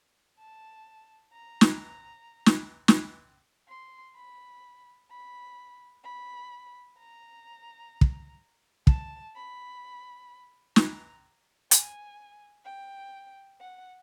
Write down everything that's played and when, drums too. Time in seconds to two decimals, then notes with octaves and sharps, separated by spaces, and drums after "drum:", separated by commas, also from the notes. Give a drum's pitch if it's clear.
0.38 A5
1.33 A#5
1.61 drum: snare
2.46 drum: snare
2.88 drum: snare
3.68 C6
4.16 B5
5.10 B5
6.04 B5
6.98 A#5
8.01 drum: kick
8.87 A5, drum: kick
9.35 B5
10.76 A#5, drum: snare
11.71 G#5, drum: hi-hat
12.65 G5
13.60 F#5